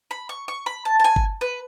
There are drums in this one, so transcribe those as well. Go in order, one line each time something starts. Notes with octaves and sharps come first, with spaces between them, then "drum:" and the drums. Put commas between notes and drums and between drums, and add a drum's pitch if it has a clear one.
B5
C#6
C#6
B5
A5
A5
G#5
drum: kick G1
B4